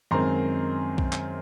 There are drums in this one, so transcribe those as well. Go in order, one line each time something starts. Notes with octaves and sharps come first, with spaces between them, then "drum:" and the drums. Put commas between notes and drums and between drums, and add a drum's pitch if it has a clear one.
F#2 D#3 G#3 C4 A#5 C6
drum: kick B1
drum: clap